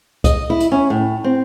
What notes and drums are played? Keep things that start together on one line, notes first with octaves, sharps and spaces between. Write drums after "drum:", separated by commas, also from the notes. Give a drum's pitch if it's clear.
D#5, drum: kick C2, hi-hat
E4
drum: hi-hat
C#4
A2
C4